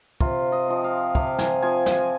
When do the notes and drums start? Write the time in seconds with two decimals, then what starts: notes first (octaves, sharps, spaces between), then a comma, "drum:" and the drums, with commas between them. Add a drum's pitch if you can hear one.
0.21 C3 F4, drum: kick
0.52 D#5
0.68 F3 C4
0.84 F5
1.15 C3 F5, drum: kick
1.38 G#5, drum: snare
1.62 F3 C4 G#5
1.86 G#5, drum: snare